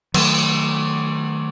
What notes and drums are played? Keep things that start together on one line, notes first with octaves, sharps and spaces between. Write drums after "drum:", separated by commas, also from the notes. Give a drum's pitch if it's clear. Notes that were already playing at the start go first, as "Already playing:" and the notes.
D#3 F#3 G#3 A3, drum: cymbal